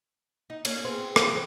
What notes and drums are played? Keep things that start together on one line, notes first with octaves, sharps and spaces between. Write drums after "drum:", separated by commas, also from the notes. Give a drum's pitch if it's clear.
D#4
A#3 C#4 D4, drum: cymbal
B3 C4 G#4
C4 F4, drum: rim click
E3 C4